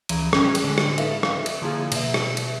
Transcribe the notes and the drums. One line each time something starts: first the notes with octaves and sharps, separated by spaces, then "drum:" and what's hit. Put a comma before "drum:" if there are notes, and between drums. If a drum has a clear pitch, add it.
C#2 E3 F3 A#5 D#7, drum: cymbal
A2 G3 C#4 G#4 F#6, drum: rim click
drum: cymbal
A2 D3 G#3 D4
drum: rim click
D#4 A4 B4 E5 F5, drum: cymbal
drum: rim click
drum: cymbal
D3 F3 A#3 E4 G#4
B2 E5, drum: cymbal
drum: rim click
drum: cymbal